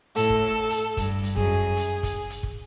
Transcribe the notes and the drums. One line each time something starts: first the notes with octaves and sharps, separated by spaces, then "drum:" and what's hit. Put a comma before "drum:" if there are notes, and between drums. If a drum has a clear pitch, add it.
A2 A4, drum: hi-hat
drum: kick
drum: hi-hat
G2, drum: kick, hi-hat
drum: hi-hat
F#2 G#4, drum: kick
drum: hi-hat
drum: kick, hi-hat
drum: hi-hat
drum: kick